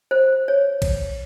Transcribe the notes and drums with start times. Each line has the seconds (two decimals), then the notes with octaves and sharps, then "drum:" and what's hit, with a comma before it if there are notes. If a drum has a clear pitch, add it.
0.11 C5
0.48 C#5
0.82 drum: kick A#1, cymbal